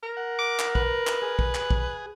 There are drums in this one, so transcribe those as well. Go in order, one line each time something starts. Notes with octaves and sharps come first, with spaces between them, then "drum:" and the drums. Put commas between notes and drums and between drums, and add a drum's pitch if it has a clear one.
A#4
F#5
D6
drum: clap
B4, drum: kick
drum: clap
G#4
drum: kick
drum: clap
drum: kick